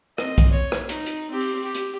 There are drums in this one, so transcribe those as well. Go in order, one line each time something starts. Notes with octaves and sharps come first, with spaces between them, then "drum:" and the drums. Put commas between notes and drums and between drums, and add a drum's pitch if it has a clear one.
C4 D#5, drum: rim click
drum: kick B1, hi-hat
C#5
drum: rim click
D#4, drum: hi-hat
drum: hi-hat
C4 G4
drum: open hi-hat
G4
drum: hi-hat